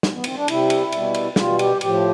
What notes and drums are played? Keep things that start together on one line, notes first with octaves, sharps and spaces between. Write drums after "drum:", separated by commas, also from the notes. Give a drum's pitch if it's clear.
drum: snare
B3
C4, drum: cymbal
D4
C3 G3 E4, drum: cymbal
drum: cymbal
B2 G3, drum: cymbal
drum: cymbal
B2 G3 F4, drum: snare
G4, drum: cymbal
A2 F3 G4, drum: cymbal